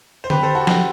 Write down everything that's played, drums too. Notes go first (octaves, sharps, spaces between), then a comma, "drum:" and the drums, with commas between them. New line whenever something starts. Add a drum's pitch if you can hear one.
C5
G4 B4, drum: tom D3
A4 C5
F#4 A4
G4
F#4 A4, drum: snare